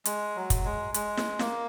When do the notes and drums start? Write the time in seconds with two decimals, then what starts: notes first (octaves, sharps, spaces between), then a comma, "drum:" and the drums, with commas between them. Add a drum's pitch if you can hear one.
0.05 G#3, drum: hi-hat
0.35 F#3
0.50 drum: kick, hi-hat
0.65 G#3
0.94 G#3, drum: hi-hat
1.17 drum: snare
1.39 A#3, drum: snare